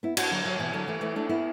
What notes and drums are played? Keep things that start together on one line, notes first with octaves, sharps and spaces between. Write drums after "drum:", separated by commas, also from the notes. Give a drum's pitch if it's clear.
B3 E4
D4 F#4, drum: cymbal
D3 F#3
D3 F#3
B2 E3
D3 F#3
E3 A3
E3 A3
A3 D4
B3 E4